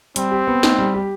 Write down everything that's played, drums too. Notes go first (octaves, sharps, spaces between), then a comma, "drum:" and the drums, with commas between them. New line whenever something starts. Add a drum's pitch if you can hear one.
G3 C4, drum: hi-hat
G4
B3
D#4, drum: snare
G3
G4